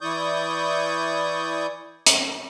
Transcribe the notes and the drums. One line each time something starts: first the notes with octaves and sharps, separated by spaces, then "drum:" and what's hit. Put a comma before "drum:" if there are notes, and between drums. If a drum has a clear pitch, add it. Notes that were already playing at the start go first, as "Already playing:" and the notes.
E3 E4 D5 C#6 D#6 G6
drum: hi-hat